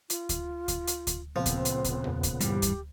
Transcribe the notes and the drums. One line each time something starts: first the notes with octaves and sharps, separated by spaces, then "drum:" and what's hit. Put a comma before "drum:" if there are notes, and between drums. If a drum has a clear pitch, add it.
F4, drum: hi-hat
drum: kick D2, hi-hat
drum: kick D2, hi-hat
drum: hi-hat
drum: kick D2, hi-hat
A#2 C#3 F3 B3 C4
drum: kick D2, hi-hat
drum: hi-hat
drum: kick D2, hi-hat
drum: tom E2
drum: kick D2, hi-hat
G2 E3 G3 G4, drum: hi-hat
drum: kick D2, hi-hat